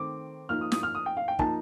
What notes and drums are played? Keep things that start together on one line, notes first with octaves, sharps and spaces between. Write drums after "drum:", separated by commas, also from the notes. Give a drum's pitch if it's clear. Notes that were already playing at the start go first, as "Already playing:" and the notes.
Already playing: D#3 A3 C4 D6
F3 A#3 D#4 F6
D#6
D#6, drum: snare
F6
D#6
G5
F5
G5
F3 A#3 D#4 A5, drum: kick